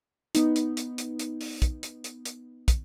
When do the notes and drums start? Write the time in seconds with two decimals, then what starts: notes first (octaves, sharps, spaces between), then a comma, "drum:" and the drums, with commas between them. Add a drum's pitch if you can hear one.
0.35 B3 D#4, drum: hi-hat
0.56 drum: hi-hat
0.77 drum: hi-hat
0.98 drum: hi-hat
1.19 drum: hi-hat
1.41 drum: open hi-hat
1.62 drum: kick, hi-hat
1.83 drum: hi-hat
2.04 drum: hi-hat
2.25 drum: hi-hat
2.68 drum: kick, hi-hat